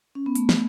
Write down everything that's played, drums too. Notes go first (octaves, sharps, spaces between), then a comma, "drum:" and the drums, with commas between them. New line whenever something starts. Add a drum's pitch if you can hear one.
C#4
B3
A3, drum: hi-hat
drum: snare